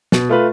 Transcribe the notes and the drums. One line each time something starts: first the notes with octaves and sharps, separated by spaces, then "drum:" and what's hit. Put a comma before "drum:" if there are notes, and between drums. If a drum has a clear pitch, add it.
B2, drum: snare
A3 F4 B4